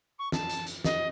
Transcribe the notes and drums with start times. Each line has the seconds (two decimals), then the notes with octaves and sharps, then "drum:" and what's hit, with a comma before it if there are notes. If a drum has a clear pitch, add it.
0.18 C#6
0.32 A5, drum: snare
0.49 drum: hi-hat
0.67 drum: hi-hat
0.84 D#5, drum: snare